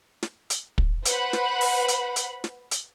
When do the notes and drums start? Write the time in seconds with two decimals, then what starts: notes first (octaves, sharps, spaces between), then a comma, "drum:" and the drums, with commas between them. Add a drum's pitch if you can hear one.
0.23 drum: snare
0.50 drum: hi-hat
0.78 drum: kick
1.06 B4 C5 F#5 B5, drum: hi-hat
1.33 drum: snare
1.61 drum: open hi-hat
1.88 drum: hi-hat
2.16 drum: hi-hat
2.44 drum: snare
2.71 drum: hi-hat